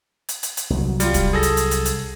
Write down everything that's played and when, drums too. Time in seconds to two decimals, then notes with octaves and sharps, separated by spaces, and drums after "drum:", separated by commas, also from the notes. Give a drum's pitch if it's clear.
0.29 drum: hi-hat
0.43 drum: hi-hat
0.57 drum: hi-hat
0.70 C2 F#3
1.00 G3 F4, drum: hi-hat
1.14 drum: kick, hi-hat
1.33 G#4 A4 A#6
1.43 drum: hi-hat
1.57 drum: hi-hat
1.71 drum: hi-hat
1.85 drum: hi-hat